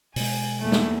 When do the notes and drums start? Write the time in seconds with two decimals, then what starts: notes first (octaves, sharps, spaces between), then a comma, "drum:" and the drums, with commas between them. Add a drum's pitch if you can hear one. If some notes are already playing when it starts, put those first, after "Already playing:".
0.16 B2 G#3 G#5, drum: open hi-hat
0.61 E2 A3 A#3
0.72 drum: snare